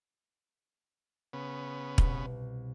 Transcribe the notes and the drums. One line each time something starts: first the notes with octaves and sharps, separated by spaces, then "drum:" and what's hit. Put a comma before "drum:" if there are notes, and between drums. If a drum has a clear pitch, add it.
C#3 B3
C2 B2, drum: kick